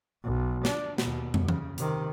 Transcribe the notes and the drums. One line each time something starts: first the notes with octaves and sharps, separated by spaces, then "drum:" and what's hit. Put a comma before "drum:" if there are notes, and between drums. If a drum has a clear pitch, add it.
B1
D4, drum: snare
D#2 B2, drum: snare
drum: tom
C#3, drum: tom E3
C3 D#3, drum: hi-hat